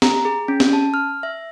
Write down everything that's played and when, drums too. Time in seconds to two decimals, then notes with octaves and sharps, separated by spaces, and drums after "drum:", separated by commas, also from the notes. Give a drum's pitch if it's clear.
0.02 A#5, drum: snare
0.25 G#4
0.48 C#4
0.60 drum: snare
0.73 A5
0.94 F6
1.23 E5